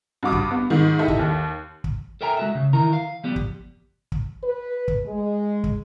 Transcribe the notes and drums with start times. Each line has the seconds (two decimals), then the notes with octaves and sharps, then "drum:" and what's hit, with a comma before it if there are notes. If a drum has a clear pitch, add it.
0.23 G2 F#4 D6 D#6
0.32 drum: kick
0.51 B3
0.70 G#2 D#3
0.99 D#4 E4 G4 A4 D#5 E5
1.08 drum: kick
1.19 D#2
1.84 drum: kick
2.21 A4 A#4 E5 G5 G#5 A#5
2.37 G#3 F#4 E5
2.55 C#3
2.73 D#3 E3 E4 A#4 A#5
2.93 F5
3.24 F3 G3 B3 G4
3.36 drum: kick
4.12 drum: kick
4.43 B4
4.88 drum: kick
5.05 G#3
5.64 drum: kick